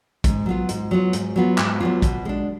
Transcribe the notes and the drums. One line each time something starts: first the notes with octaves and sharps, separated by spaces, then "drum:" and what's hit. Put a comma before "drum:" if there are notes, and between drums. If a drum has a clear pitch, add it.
G#2, drum: kick A#1, hi-hat
F#3 B3 F4
G#2, drum: hi-hat
F#3 B3 F4
G#2, drum: hi-hat
F#3 B3 F4
G#2, drum: clap
F#3 B3 F4
B2, drum: kick A#1, hi-hat
G#3 D4